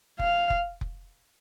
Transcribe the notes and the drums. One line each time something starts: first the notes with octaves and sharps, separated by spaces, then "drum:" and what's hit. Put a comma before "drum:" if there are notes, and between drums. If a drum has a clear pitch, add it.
F5, drum: kick F1
drum: kick F1
drum: kick F1